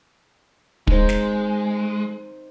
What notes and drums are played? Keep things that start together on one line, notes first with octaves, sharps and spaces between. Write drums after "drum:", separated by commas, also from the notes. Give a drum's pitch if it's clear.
G#3 D#4 C5, drum: kick
drum: snare